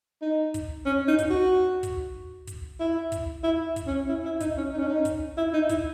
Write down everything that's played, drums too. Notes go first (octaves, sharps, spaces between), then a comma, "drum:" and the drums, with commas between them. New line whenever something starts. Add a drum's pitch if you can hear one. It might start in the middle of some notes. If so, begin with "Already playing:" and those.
D#4
drum: kick, hi-hat
C#4
D#4
drum: kick, hi-hat
F#4
drum: kick, hi-hat
drum: kick, hi-hat
E4
drum: kick, hi-hat
E4
drum: kick, hi-hat
C#4
E4
E4
D#4, drum: kick, hi-hat
C#4
D#4
C#4
D#4
drum: kick, hi-hat
E4
D#4
E4, drum: kick, hi-hat